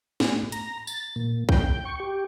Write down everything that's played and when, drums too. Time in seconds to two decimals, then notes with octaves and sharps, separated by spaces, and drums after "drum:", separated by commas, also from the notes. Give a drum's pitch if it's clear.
0.20 A2, drum: snare
0.52 A#5, drum: hi-hat
0.87 A6, drum: tambourine
1.16 A#2
1.49 G5, drum: kick B1
1.85 C#6
2.00 G4